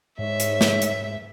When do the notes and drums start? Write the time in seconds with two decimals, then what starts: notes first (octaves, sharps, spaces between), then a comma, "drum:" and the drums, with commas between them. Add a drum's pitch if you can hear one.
0.19 G#2 G#3 D#4 C#5 E5
0.40 drum: hi-hat
0.61 drum: snare
0.82 drum: hi-hat